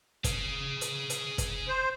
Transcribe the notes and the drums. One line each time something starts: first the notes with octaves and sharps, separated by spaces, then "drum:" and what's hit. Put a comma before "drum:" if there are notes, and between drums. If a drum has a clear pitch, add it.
G#4 F5, drum: kick, hi-hat
drum: hi-hat
drum: hi-hat
drum: kick, hi-hat
C5